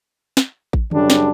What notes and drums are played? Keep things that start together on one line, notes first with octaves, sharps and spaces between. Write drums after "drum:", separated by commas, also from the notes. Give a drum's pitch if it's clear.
drum: snare
drum: kick A1
F#2 C#3 G3 D4, drum: tom D3
drum: snare